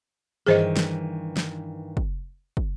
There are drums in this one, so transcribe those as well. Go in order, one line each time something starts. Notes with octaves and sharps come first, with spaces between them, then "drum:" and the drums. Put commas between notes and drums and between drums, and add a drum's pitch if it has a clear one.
G2 D#3 E3 G#4 C5 D#5
drum: snare
drum: snare
drum: kick
drum: kick